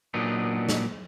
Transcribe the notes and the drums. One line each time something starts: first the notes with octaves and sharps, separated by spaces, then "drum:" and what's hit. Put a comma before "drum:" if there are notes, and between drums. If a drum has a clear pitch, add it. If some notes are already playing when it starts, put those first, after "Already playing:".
A#2 F#3 B3 D4 D#4
drum: snare